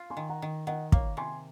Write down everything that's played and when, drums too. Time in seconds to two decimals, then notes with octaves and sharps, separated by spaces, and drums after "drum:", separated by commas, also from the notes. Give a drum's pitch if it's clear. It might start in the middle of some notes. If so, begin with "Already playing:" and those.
Already playing: F4
0.10 G#5 C6
0.17 D#3
0.29 F#5 A#5
0.42 D#3
0.67 D#3 D#5 F#5
0.92 A#3 C#5 F5, drum: kick
1.17 C3 G#5 C6